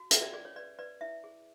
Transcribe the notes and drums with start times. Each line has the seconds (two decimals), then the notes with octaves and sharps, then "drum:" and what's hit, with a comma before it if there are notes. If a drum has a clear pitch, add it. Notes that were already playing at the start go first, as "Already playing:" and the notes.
Already playing: F#4
0.11 C#4 E5, drum: hi-hat
0.22 D5
0.33 G#4 D5
0.45 C#5
0.56 B4 D5
0.79 B4 D5
1.01 E4 E5
1.24 G#4